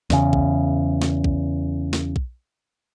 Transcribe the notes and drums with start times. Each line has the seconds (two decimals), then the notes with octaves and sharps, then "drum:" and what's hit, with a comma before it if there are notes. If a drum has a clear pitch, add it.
0.10 E2 C#3, drum: snare
0.33 drum: kick
1.02 drum: snare
1.24 drum: kick
1.93 drum: snare
2.16 drum: kick